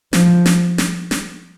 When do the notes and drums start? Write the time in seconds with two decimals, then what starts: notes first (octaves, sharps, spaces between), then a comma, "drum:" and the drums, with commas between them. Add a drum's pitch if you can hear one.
0.13 F3, drum: snare
0.46 drum: snare
0.78 drum: snare
1.11 drum: snare